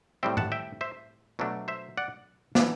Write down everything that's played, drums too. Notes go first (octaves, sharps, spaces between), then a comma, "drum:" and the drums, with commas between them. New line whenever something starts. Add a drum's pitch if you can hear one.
A2 G3 C4 E5 G5
F#5 A5, drum: tom G2
E5 G5
C5 E5
B2 F#3 A3 D4
C5 E5
D5 F#5
E3 B3 D4, drum: snare